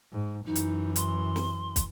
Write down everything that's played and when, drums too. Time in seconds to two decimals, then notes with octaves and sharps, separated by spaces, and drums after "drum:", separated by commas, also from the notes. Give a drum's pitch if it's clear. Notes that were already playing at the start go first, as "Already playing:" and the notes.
0.12 G#2
0.46 F#2 E3 D#4
0.55 drum: hi-hat
0.96 C6, drum: hi-hat
1.36 drum: snare
1.76 drum: kick, hi-hat